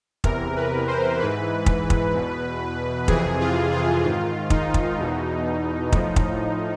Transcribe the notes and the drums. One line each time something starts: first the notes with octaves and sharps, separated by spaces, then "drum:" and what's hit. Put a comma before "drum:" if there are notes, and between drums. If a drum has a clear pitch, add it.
E2 C3 E3 A#4, drum: kick
B4
C5
G#2 E3 B4
drum: kick
drum: kick
E2 B2
F2 C3 E3 G#4, drum: kick
F4
F4
G#2 D#3 F4
D#4, drum: kick
drum: kick
E2 B2
A2 F3, drum: kick
drum: kick